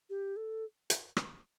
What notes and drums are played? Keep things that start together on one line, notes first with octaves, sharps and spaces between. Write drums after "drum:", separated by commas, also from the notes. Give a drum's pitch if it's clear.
G4
A4
drum: hi-hat
drum: rim click